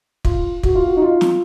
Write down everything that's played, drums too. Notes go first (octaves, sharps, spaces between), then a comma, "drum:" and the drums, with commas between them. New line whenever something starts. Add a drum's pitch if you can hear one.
F4, drum: kick
F#4, drum: kick
F4
F#4
D#4
F4
drum: snare